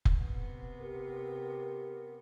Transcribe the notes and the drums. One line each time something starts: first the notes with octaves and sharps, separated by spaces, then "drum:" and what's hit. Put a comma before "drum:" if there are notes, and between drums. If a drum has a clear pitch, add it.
drum: kick F1
C3 B3
G4 A#4